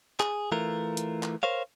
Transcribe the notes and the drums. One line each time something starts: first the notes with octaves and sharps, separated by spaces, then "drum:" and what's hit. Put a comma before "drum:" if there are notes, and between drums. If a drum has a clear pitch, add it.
G#4, drum: clap
E3 A3 F4 A#4
drum: hi-hat
drum: clap
A#4 C5 C#5 F5